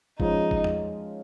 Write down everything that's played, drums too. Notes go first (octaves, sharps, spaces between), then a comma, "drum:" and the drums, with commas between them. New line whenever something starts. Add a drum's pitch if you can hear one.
F3 G#3 C#4 D#4, drum: kick G1
drum: kick G1
drum: tom E2